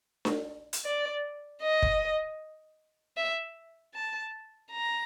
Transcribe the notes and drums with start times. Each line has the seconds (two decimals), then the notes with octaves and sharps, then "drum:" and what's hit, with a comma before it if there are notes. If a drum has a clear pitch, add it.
0.25 drum: snare D4
0.73 drum: hi-hat
0.84 D5
1.62 D#5
1.82 drum: kick
3.17 E5
3.94 A5
4.71 A#5